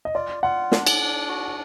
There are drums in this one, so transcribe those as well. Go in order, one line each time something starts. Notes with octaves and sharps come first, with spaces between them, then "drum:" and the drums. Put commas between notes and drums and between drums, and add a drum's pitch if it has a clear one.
D#5
F4 D5
F4 F#5
D4, drum: snare
drum: cymbal
D4
F#4